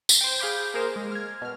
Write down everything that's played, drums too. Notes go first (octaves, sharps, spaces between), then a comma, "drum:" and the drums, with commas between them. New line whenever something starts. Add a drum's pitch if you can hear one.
drum: tambourine
C5 G5
G#4 F5 B5 D6 G6
A#3 G#4 A#4 C5
G#3
F6 G#6
B2 F6